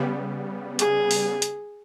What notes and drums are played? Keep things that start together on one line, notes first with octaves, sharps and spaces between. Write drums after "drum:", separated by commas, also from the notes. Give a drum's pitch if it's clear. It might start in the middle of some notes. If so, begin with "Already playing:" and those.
Already playing: C#3 G3 B3
G#4, drum: hi-hat
drum: open hi-hat
drum: hi-hat